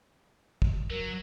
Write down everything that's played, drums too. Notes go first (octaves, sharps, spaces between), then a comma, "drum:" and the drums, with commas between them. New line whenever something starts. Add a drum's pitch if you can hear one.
drum: kick
F#3 A#4